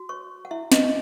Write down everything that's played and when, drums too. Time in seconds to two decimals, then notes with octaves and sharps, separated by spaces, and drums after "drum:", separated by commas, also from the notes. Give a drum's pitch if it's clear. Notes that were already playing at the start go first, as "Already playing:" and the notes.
Already playing: F#4
0.09 C#5 C#6
0.45 F#5
0.51 E4 E5
0.72 D#5, drum: snare